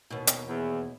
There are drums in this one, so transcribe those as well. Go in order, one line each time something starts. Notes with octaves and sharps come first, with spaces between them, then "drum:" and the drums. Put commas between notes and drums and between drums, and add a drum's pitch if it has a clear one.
D#2 B2
drum: hi-hat
E2